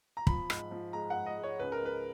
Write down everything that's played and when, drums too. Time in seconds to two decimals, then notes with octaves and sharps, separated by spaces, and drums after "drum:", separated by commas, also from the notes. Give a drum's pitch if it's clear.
0.17 A#5
0.27 F3 B5, drum: kick
0.50 G#2, drum: rim click
0.71 F3
0.93 G#3 A#5
1.10 F#5
1.16 G#2
1.26 D#5
1.37 G#3
1.43 C#5
1.59 C#2 B4
1.72 A#4
1.82 G#3 B4